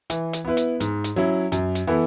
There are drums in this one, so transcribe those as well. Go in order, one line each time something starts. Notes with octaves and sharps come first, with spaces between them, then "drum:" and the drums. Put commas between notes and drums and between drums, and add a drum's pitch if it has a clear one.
E3, drum: hi-hat
drum: hi-hat
B3 E4 B4
drum: hi-hat
G#2, drum: hi-hat
drum: hi-hat
F#3 C#4 E4
F#2, drum: hi-hat
drum: hi-hat
E3 B3 E4 A4